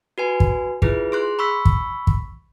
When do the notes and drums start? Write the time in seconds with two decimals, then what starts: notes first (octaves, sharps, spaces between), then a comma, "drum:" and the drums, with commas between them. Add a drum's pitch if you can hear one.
0.18 F#4 B4 G#5
0.40 drum: kick
0.82 E4 F4 G#4 B4, drum: kick
1.12 G#4 C6 F#6
1.39 B5 C#6 E6 B6
1.65 drum: kick
2.07 drum: kick